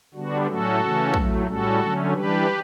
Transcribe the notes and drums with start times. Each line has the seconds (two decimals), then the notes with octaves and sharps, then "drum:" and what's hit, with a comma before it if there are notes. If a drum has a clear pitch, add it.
0.14 D3 G3 B3 D4 F#4
0.47 A2 F#3 A3 C#4 F#4 A4
0.80 C#3 E3 A3 C#4
1.14 A2 F#3 A3, drum: kick
1.46 A2 G3 C#4 F#4 A4
1.80 D3 F#3 A3 C#4
2.13 E3 G3 D4 G4 B4